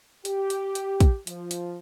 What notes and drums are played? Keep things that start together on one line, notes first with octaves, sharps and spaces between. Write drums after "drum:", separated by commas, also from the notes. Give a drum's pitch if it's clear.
G4, drum: hi-hat
drum: hi-hat
drum: hi-hat
drum: kick, hi-hat
F3, drum: hi-hat
drum: hi-hat